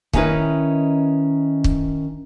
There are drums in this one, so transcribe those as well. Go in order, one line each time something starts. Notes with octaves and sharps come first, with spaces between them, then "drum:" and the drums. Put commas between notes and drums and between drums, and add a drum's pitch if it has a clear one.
D#3 C#4 D#4 E4 B4, drum: kick
drum: kick